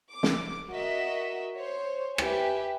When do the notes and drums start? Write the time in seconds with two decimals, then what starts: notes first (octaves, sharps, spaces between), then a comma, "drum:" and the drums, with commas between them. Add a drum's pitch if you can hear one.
0.11 D6
0.23 drum: snare
0.67 F#4 A#4 D#5 E5
1.54 C5 C#5
2.18 G4 B4 E5 G#5, drum: rim click